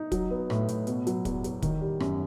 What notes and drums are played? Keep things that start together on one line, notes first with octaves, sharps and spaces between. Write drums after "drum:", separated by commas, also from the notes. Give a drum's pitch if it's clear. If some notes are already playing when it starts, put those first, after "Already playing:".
Already playing: D#4
F#3, drum: kick, hi-hat
B3
A2, drum: rim click
A2, drum: hi-hat
B2, drum: hi-hat
F#3, drum: hi-hat
E2, drum: kick, hi-hat
E2, drum: hi-hat
D#3, drum: kick, hi-hat
G3
F#2, drum: rim click